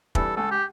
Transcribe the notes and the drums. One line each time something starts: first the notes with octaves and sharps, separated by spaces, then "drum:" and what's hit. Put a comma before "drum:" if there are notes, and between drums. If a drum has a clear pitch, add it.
E3 G3 A4, drum: kick
C#2 A4
G4